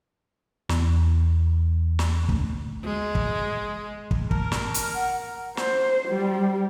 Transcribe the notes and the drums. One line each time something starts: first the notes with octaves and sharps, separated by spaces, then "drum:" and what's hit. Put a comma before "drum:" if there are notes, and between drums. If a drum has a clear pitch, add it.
E2, drum: snare
drum: snare
D2, drum: kick
G#3
drum: kick
drum: kick
A#4 A5, drum: kick
drum: snare
F6, drum: hi-hat
F#5
C5, drum: snare
G3